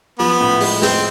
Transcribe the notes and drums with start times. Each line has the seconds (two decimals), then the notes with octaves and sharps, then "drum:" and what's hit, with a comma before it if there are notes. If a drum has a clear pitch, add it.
0.19 F3 B3
0.40 A2
0.60 G#3, drum: open hi-hat
0.82 G#3 C4, drum: snare